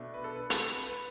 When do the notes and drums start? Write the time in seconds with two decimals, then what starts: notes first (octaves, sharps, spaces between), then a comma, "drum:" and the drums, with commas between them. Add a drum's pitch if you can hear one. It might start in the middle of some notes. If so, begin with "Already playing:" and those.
Already playing: B2 A3 D4
0.14 B4
0.24 A4
0.36 B4
0.50 A4, drum: hi-hat
0.68 B4
0.86 B4